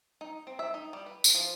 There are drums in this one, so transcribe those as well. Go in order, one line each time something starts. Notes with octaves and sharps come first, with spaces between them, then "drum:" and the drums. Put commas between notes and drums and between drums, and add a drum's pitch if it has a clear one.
D#4
C4
E5
D#4
G3
B4
drum: tambourine
F3